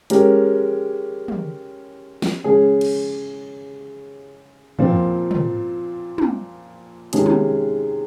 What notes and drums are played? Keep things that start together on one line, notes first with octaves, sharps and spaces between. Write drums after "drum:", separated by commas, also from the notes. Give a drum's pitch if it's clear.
G#3 C#4 G4 A#4, drum: hi-hat
drum: tom
drum: snare
C#3 G#3 C#4 G#4
drum: cymbal
A#2 F3 C4, drum: tom
drum: tom
drum: tom
C3 D#3 G#3 C#4 G#4, drum: hi-hat
drum: tom